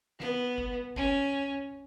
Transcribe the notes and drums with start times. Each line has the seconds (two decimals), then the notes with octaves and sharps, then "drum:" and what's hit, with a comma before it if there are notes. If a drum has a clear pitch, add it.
0.20 B3, drum: snare
0.58 drum: kick G1
0.96 C#4, drum: kick G1